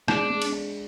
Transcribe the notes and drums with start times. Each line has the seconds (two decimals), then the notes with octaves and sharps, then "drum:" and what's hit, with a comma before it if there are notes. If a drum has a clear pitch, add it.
0.08 G#3 D4, drum: rim click
0.30 G#3
0.42 drum: cymbal
0.52 D4